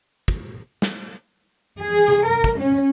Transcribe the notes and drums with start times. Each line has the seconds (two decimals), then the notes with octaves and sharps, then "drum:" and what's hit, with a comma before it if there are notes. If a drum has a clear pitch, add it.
0.28 drum: kick
0.82 drum: snare
1.80 G#4
2.08 drum: tom C3
2.26 A#4
2.44 drum: kick
2.58 C#4